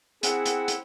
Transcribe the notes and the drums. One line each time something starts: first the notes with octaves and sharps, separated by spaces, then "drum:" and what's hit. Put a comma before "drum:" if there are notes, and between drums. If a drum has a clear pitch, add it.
C4 E4 G#4 F#5, drum: hi-hat
drum: hi-hat
drum: hi-hat